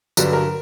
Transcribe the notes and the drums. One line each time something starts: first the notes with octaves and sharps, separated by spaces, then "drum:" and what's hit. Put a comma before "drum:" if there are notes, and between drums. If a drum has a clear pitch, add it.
G2 D3 F#3 B4, drum: tambourine
A#4